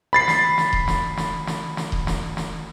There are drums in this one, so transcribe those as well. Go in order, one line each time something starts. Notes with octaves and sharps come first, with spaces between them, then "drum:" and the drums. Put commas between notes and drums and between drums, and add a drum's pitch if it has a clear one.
B5 A6 C7
drum: snare
drum: snare
drum: kick D#1
drum: snare
drum: snare
drum: snare
drum: snare
drum: kick D#1
drum: snare
drum: snare